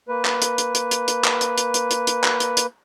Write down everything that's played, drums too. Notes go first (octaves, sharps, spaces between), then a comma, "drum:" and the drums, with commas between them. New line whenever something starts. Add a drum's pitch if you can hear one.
A#3 B4
drum: clap
drum: hi-hat
drum: hi-hat
drum: hi-hat
drum: hi-hat
drum: hi-hat
drum: clap
drum: hi-hat
drum: hi-hat
drum: hi-hat
drum: hi-hat
drum: hi-hat
drum: clap
drum: hi-hat
drum: hi-hat